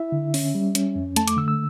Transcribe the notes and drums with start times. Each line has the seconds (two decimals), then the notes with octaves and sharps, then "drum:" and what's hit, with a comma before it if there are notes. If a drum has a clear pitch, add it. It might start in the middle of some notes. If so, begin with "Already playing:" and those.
Already playing: E4 E5
0.12 D3
0.34 C#4, drum: open hi-hat
0.55 G3
0.75 C#4, drum: hi-hat
0.96 F2
1.16 A3 A5, drum: hi-hat
1.28 D6, drum: hi-hat
1.37 D3 E6
1.48 E6